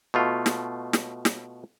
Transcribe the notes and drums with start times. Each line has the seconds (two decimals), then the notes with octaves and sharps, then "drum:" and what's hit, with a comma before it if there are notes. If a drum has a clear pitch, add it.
0.14 B2 A3 F4
0.46 drum: snare
0.93 drum: snare
1.25 drum: snare